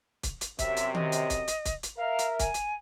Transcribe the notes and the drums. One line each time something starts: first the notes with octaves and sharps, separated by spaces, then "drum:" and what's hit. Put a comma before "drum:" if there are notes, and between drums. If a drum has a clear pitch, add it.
drum: kick, hi-hat
drum: hi-hat
F#2 C3 E5, drum: kick, hi-hat
drum: hi-hat
D#5, drum: tom D#3
drum: hi-hat
drum: kick, hi-hat
drum: hi-hat
drum: kick, hi-hat
drum: hi-hat
A#4 E5 F5
drum: hi-hat
G#5, drum: kick, hi-hat
drum: hi-hat